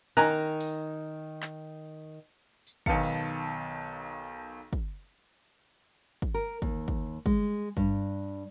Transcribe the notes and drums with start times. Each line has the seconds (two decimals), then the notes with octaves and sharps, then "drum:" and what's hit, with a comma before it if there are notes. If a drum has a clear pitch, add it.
0.17 D#3 G#5 A#5 F#6
0.61 drum: open hi-hat
1.42 drum: clap
2.67 drum: tambourine
2.86 B1 D#3 B4 F5 A5 C#7, drum: kick
3.04 drum: open hi-hat
4.73 drum: kick
6.22 drum: kick
6.34 A#4
6.62 D#2, drum: kick
6.88 drum: kick
7.26 G#3, drum: kick
7.77 G2, drum: kick